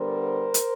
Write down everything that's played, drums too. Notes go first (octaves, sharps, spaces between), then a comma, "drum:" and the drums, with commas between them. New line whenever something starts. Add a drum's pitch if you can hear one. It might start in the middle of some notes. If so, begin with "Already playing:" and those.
Already playing: D3 G3 B3 A#4 C5
drum: hi-hat